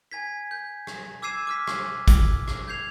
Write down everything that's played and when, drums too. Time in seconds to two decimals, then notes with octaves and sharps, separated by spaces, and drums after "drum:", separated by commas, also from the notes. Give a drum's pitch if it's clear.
0.12 G#5 G#6 B6
0.51 G6
0.87 drum: rim click
1.22 D6 E6 G#6 C7 D#7 E7
1.47 D6 F6 B6
1.67 drum: rim click
2.08 drum: kick, hi-hat
2.48 drum: rim click
2.68 G6 G#6 C7 F7